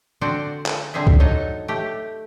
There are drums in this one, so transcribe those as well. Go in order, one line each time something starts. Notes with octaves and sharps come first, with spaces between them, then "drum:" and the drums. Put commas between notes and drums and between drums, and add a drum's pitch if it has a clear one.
D3 C4 F#4 C5 D5
drum: clap
D3 G3 C4 G#4 E5
drum: kick C#2
F#3 D#4 A4 D#5
A3 G4